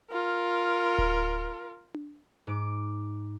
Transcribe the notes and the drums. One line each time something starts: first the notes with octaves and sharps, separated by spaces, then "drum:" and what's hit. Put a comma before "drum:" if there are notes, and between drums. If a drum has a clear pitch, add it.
F4 A#4
drum: kick D1
drum: tom D4
G#2 D6